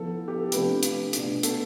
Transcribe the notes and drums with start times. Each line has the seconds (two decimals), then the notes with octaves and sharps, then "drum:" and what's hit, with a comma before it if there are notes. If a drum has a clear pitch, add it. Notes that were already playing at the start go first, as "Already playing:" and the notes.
Already playing: F3 B3 E4 A4
0.28 G4
0.41 A4
0.52 C3 F3 A3 D4 F4 B4, drum: hi-hat
0.83 drum: hi-hat
1.13 B2 A3 D4 F4, drum: hi-hat
1.43 A4, drum: hi-hat